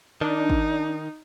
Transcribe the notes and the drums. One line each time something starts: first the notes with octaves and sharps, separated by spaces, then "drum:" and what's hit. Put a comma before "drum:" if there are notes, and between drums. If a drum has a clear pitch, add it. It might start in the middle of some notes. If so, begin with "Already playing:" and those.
D#3 D4 D#4
drum: kick G#1